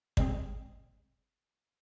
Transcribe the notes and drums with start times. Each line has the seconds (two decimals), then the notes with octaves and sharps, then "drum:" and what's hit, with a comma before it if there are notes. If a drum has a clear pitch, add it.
0.17 G3 G#3 C4 G#4, drum: kick